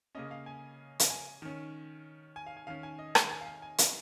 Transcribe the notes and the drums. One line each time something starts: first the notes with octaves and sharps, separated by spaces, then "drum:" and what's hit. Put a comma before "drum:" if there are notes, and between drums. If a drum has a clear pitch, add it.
C#3 A#3 C#4 D#5
F5
G#5
drum: hi-hat
G#5
D#3 C#4
G#5
F5
G#5
D#3 C#4 F5
G#5
D#5
F5, drum: rim click
G#5
F5
G#5
G#5
A#5, drum: hi-hat